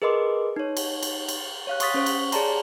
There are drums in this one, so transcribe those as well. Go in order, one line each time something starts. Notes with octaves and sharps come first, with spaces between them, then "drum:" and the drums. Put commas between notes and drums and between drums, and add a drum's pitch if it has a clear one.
G#4 A#4 B4 D#5 C6 D6
D#4 C#5
drum: cymbal
drum: cymbal
drum: cymbal
C#5 F5 F#6
C6 C#6 D#6 A6 B6, drum: cymbal
C#4 C5 C#6
drum: cymbal
G#4 C#5 D5 A5 A#5 C6, drum: cymbal